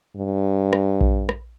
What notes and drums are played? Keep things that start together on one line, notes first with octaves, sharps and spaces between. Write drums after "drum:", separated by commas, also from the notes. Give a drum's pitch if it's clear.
G2
drum: rim click
drum: kick A#1
drum: rim click